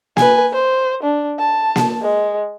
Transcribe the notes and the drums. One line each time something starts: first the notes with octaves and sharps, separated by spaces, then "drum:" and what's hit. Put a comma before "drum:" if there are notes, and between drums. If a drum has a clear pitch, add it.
B4 G#5, drum: snare A#3
C5
D4
A5
drum: snare A#3
G#3